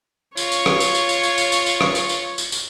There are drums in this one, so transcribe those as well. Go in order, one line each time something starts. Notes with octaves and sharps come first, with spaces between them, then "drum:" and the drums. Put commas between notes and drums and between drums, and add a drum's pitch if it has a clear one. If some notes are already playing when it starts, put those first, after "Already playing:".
F4 C#5 C#6, drum: tambourine
drum: tambourine
drum: rim click
drum: tambourine
drum: tambourine
drum: tambourine
drum: tambourine
drum: tambourine
drum: tambourine
drum: tambourine
drum: rim click
drum: tambourine
drum: tambourine
drum: tambourine
drum: tambourine